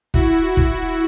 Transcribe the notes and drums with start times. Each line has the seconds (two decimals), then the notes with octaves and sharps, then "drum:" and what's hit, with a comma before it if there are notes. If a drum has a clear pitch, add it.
0.14 E4 F#4, drum: kick
0.57 drum: kick